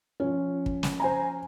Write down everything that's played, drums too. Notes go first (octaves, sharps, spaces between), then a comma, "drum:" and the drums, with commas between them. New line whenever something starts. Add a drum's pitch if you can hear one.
F3 C#4
drum: kick
drum: snare
C5 G#5 A#5